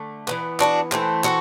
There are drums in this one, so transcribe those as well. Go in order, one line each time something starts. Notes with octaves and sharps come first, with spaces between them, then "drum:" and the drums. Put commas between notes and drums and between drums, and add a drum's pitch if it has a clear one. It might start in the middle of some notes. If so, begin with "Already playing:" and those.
Already playing: D3 A3
E3 B3, drum: clap
D4 F#4, drum: clap
E3 A3 C4, drum: clap
F#4 A4, drum: clap